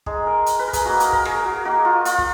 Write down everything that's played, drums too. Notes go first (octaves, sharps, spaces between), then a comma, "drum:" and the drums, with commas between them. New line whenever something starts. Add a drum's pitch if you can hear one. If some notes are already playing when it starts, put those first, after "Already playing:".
G#3 D#4 G#4, drum: kick
A#4
drum: hi-hat
B4
A#4
G#4, drum: kick, hi-hat
A#3 D#4 F#4
A#4, drum: hi-hat
A#4, drum: kick
G#4, drum: rim click
F#4
A#3 D#4 F#4
F4
F4, drum: hi-hat
drum: kick